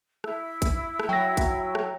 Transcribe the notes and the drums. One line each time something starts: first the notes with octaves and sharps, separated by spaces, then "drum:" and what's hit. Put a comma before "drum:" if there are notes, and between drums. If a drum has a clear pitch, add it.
E4 E5 E6, drum: rim click
drum: kick, hi-hat
drum: rim click
F#3 G5 A#6
drum: kick, hi-hat
drum: rim click